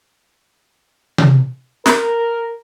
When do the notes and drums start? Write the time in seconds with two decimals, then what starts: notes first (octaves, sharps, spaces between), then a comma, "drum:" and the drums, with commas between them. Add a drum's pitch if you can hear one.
1.18 drum: tom C3
1.86 A#4, drum: snare